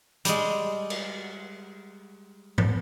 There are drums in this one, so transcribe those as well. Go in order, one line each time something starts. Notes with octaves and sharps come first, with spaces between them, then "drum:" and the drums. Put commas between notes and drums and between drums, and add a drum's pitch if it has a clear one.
G3 G#3, drum: hi-hat
drum: cymbal
drum: tom G#2